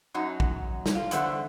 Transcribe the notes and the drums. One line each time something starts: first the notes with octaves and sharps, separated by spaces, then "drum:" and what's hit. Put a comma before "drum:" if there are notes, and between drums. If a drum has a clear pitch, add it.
F#2 F#3 D#4
drum: kick
drum: snare
F4
E2 D3 C5 E5 F#5, drum: hi-hat